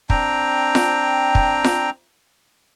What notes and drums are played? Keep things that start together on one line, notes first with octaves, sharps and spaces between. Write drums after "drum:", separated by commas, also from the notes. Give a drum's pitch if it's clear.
C4 D4 G5 A#5, drum: kick
drum: snare F4
drum: kick
drum: snare F4